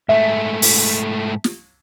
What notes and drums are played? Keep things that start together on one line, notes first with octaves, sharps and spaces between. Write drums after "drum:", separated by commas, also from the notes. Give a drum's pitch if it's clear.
G#2 A3 E5
drum: open hi-hat
drum: snare